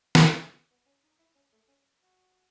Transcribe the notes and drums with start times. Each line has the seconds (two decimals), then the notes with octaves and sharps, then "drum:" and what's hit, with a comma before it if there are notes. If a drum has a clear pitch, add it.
0.15 drum: snare
0.71 B3
0.86 C#4
1.04 D#4
1.19 E4
1.35 C#4
1.52 A3
1.68 C#4
2.01 F#4